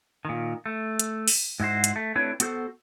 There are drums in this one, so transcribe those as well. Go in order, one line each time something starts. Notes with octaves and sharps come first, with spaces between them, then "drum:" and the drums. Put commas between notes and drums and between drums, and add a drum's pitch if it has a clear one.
A#2 D#3
A3
drum: hi-hat
drum: open hi-hat
G#2 E4 F#4 C5
drum: hi-hat
A3
A3 C4 D4 E4 B4 C#5
B3 F#4 A4 C5, drum: hi-hat